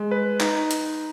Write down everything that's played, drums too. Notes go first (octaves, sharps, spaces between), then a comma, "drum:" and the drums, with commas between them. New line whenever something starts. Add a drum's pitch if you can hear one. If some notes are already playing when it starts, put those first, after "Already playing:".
Already playing: G#3
B4
D#4, drum: clap
drum: hi-hat